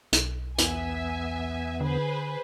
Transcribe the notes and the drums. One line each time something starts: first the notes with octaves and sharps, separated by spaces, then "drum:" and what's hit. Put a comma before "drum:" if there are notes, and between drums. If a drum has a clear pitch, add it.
B1, drum: hi-hat
E2 B3 E5 G#5, drum: hi-hat
D3 G#4 B4 C5